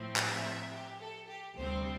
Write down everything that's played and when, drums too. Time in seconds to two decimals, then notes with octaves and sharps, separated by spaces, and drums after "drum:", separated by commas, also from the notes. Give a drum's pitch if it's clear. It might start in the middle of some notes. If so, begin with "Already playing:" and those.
Already playing: A2 F3 C4
0.16 drum: clap
0.29 E5
0.72 G4
1.00 A4
1.28 G4
1.55 D2 C3 G3 C4 C5